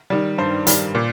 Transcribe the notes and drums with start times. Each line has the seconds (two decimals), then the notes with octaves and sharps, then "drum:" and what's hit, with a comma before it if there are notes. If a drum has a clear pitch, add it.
0.10 D#3 G3
0.38 G2 C5
0.67 D#3 G3, drum: hi-hat
0.95 A#2